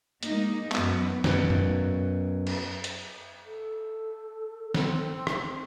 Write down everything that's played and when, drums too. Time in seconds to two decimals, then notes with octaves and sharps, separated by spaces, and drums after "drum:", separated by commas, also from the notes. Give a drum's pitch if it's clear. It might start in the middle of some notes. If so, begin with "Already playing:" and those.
0.23 G#3 A#3 D#4, drum: hi-hat
0.71 F#2 B3, drum: clap
1.24 F#2 B2, drum: snare
1.50 drum: tom F#2
2.47 drum: cymbal
2.84 drum: hi-hat
3.46 A4
4.74 C4, drum: snare
5.27 drum: rim click